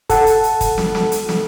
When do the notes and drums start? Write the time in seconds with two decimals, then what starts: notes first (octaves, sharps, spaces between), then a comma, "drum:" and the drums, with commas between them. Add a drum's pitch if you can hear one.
0.10 A4 F#5 A5, drum: kick, hi-hat
0.27 drum: hi-hat
0.44 drum: hi-hat
0.61 drum: kick, hi-hat
0.78 drum: snare
0.95 drum: snare
1.12 drum: hi-hat
1.29 drum: snare